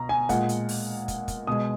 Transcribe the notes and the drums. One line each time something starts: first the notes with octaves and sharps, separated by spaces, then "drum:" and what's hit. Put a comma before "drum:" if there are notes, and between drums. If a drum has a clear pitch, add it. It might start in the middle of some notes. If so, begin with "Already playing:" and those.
Already playing: B2 A#5
G#5
A#2 G#3 F#5, drum: kick, hi-hat
drum: hi-hat
drum: open hi-hat
drum: kick, hi-hat
drum: kick, hi-hat
B2 G#3 D#6